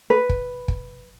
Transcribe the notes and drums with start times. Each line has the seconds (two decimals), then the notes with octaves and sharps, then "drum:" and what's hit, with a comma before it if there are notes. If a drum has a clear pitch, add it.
0.10 B4
0.29 drum: kick
0.68 drum: kick